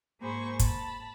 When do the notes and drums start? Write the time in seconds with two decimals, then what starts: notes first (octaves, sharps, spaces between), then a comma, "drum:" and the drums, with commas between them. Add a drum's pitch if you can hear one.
0.22 G#2 A#3 G#4 C5 B5 C#6
0.59 A5 B5, drum: kick, hi-hat